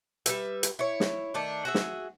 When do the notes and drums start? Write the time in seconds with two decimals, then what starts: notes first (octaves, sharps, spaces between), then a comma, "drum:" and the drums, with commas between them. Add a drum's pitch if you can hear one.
0.26 G3 B4 E5, drum: hi-hat
0.63 drum: hi-hat
0.79 E4 C#5
1.00 drum: snare
1.34 D#3 A3 D4
1.65 F#4 G#4 E5
1.75 drum: snare